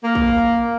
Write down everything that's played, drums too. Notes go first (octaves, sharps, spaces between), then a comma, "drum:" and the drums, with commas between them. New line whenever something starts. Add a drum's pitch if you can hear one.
A#3
drum: kick